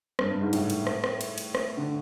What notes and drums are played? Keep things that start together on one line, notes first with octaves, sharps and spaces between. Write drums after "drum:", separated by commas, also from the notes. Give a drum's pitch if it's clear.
G2, drum: rim click
G2
G#2
A2, drum: cymbal
drum: cymbal
drum: rim click
drum: rim click
drum: cymbal
drum: cymbal
drum: rim click
D3